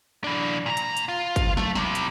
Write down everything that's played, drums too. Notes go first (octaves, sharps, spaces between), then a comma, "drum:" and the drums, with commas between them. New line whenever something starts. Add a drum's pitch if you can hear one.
E3 D4
A#2 A#5
drum: hi-hat
drum: hi-hat
F4
drum: kick, hi-hat
A3, drum: snare
C3 G3, drum: snare
drum: hi-hat